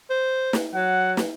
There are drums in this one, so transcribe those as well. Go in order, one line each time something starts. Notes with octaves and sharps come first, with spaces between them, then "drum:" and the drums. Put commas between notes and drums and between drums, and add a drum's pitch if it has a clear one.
C5
drum: snare
F#3 F#5
drum: snare